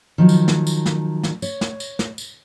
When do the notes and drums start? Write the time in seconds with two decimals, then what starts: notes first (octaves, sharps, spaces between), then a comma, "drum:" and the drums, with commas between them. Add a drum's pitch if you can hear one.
0.18 D#3 F3 F#3
0.29 drum: tambourine
0.48 drum: snare
0.67 drum: tambourine
0.86 drum: snare
1.23 drum: snare
1.42 C#5, drum: tambourine
1.61 drum: snare
1.80 drum: tambourine
1.99 drum: snare
2.18 drum: tambourine